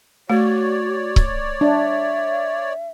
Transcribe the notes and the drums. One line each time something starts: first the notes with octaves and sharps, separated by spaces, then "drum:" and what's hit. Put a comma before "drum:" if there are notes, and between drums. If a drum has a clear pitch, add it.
A3 F#4 C#5 D5
drum: kick C#1
D4 E5